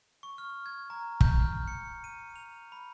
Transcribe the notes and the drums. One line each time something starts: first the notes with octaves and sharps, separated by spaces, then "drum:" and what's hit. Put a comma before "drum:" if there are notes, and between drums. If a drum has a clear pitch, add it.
C#6
F6
G#6
A#5
G6, drum: kick
F6
C#7
D#7
F7
B5